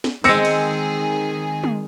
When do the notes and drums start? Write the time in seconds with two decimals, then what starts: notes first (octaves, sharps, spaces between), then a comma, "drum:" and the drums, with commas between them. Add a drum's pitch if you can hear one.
0.04 drum: snare
0.24 D#3 G#3 C4 G#4 E6 A#6 C#7, drum: open hi-hat
0.45 drum: cymbal
1.64 drum: tom